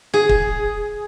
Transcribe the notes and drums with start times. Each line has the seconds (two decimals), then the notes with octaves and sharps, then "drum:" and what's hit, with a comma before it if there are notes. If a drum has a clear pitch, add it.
0.14 G#4
0.29 drum: kick